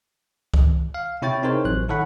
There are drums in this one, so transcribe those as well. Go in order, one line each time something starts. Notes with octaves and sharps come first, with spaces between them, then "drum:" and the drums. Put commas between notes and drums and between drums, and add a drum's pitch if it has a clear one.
drum: kick C2
F5
C3 E4 C#5 G5 A6
C4 D#4 G#4 A#4 C5 C#5
A1 F#3 F#6
D#3 E4 A4 C#5 F#5 B5